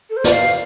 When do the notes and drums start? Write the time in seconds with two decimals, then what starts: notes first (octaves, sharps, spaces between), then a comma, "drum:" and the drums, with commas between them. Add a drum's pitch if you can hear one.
0.09 A4
0.16 C5
0.24 D5, drum: snare
0.32 F5